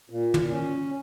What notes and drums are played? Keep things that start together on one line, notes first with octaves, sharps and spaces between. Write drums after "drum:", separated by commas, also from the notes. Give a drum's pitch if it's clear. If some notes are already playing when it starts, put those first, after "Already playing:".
A#2
drum: tom
C#4